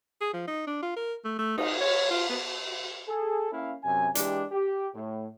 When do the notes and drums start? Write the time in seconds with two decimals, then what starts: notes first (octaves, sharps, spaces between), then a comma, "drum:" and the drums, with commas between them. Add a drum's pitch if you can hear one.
0.21 G#4
0.33 F3
0.48 D#4
0.67 D4
0.82 F4
0.96 A#4
1.25 A3
1.39 A3
1.58 D#4, drum: cymbal
1.80 C#5
2.11 F4
2.29 B3
3.08 G#4 A4
3.52 A#3 C#4 E4 F5
3.84 F#2 C3 G#5
4.15 E3 G#3 D4 G4, drum: hi-hat
4.52 G4
4.95 A2